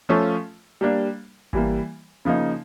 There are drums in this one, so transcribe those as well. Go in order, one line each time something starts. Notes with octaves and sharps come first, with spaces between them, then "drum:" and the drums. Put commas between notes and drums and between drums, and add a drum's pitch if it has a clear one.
F3 A3 C#4 F4 A4
G3 A#3 D4
E3 G3 A#3, drum: kick G#1
C#3 F3 A#3 D#4